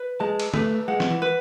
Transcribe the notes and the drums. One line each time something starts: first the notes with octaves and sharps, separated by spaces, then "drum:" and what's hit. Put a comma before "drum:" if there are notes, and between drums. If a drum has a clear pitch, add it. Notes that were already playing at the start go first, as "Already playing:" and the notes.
Already playing: B4
G#3 A5
drum: cymbal
A3 B4, drum: tom
G#3 F#5
drum: snare
E3
B4